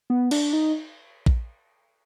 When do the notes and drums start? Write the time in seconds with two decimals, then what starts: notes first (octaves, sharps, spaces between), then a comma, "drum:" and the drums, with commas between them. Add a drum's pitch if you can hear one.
0.10 B3
0.31 D4, drum: cymbal
0.53 D#4
1.26 drum: kick A#1